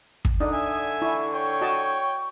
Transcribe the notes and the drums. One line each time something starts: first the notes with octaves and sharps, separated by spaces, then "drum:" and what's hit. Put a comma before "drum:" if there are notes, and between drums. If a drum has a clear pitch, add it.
drum: kick
D3 D4 D#4 D#6
E5 G#5
E4 C#6
C#5 G5
F#4 D#5 A5